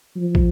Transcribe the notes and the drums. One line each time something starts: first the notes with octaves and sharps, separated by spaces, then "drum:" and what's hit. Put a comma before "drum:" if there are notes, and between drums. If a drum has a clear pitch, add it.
F3
drum: kick